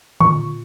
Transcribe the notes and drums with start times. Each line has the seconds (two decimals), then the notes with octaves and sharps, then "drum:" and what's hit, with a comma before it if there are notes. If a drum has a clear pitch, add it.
0.20 A#2 C#6, drum: tom D3